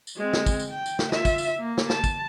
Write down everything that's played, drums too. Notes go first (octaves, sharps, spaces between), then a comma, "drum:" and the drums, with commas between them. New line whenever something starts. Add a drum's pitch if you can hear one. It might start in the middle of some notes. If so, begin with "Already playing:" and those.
drum: tambourine
G#3 C4
drum: snare
drum: kick, tambourine
drum: tambourine
G5
drum: tambourine
drum: snare
F4 E5, drum: snare
drum: kick, tambourine
drum: tambourine
A#3
drum: snare
A5, drum: snare
drum: kick, tambourine